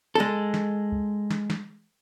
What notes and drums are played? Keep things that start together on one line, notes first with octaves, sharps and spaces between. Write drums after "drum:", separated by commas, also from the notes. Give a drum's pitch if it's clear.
G#3 A4
drum: snare
drum: kick
drum: snare
drum: snare